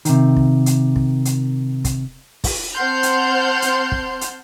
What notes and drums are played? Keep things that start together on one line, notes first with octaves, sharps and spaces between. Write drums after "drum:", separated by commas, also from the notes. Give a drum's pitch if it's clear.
C3 D#3, drum: hi-hat
drum: kick
drum: hi-hat
drum: kick
drum: hi-hat
drum: kick, hi-hat
drum: kick, open hi-hat
C4 F#5 A5 C6 F6 G6
drum: hi-hat
drum: hi-hat
drum: kick
drum: hi-hat